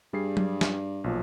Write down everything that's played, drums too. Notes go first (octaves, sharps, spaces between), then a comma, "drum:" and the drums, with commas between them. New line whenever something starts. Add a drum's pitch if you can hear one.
G2 G3 G#4 C7
drum: tom F#3
drum: snare
B1 A#2 F3